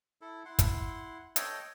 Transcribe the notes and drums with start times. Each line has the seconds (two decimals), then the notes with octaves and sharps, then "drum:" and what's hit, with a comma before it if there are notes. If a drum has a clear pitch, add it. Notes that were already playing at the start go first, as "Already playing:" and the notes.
0.21 E4 A4
0.45 E4 F#5 C6
0.59 drum: kick, hi-hat
1.36 A4 C#5 D#5 G5, drum: hi-hat